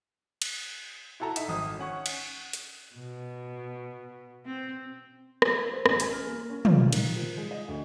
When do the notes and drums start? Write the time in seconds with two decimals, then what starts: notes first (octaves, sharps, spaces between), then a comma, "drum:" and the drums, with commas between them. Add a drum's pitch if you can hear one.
0.42 drum: cymbal
1.20 E4 F#4 A4 A5 A#5
1.36 D#4 E5, drum: hi-hat
1.48 G#1 D#6
1.79 C#4 F#5 C#6
2.06 drum: cymbal
2.53 drum: hi-hat
2.96 B2
4.46 C4
5.42 drum: rim click
5.73 C5
5.86 A1, drum: rim click
6.00 G#5, drum: hi-hat
6.13 F6
6.27 A#3
6.50 C#4
6.65 F4, drum: tom
6.93 D#3, drum: cymbal
7.16 F3
7.38 G#3
7.51 D#5
7.68 D2